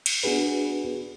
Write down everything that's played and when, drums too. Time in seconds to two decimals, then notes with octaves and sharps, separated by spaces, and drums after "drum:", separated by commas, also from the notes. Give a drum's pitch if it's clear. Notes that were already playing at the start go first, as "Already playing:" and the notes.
0.06 drum: cymbal
0.23 B3 D4 F#4 G#4 B4